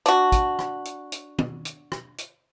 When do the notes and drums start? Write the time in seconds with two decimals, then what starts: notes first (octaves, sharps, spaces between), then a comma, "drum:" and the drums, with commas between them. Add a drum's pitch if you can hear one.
0.06 D4 F#4, drum: hi-hat
0.32 drum: kick, hi-hat
0.59 drum: rim click
0.85 drum: hi-hat
1.12 drum: hi-hat
1.39 drum: tom
1.65 drum: hi-hat
1.92 drum: rim click
2.18 drum: hi-hat